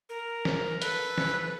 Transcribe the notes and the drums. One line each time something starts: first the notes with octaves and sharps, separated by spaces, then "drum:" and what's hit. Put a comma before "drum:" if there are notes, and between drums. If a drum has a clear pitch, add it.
A#4
drum: snare
A4 B4, drum: hi-hat
drum: snare